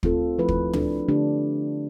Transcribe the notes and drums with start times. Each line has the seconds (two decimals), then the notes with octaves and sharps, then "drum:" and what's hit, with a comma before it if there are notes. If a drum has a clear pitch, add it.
0.03 A3 C4 F4 A4, drum: kick
0.38 F3 A3 E4 B4
0.49 drum: kick
0.73 A3 D4 A4, drum: tom
1.08 D3 A3 D4 G4